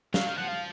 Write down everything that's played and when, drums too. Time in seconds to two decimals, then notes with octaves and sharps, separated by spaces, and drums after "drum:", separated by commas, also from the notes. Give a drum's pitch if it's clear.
0.14 F#3 F5, drum: snare
0.27 D#3
0.37 F3 F#5
0.48 F5